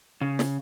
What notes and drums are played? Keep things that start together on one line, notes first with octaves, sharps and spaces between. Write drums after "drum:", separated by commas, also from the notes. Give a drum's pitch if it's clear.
C#3
drum: snare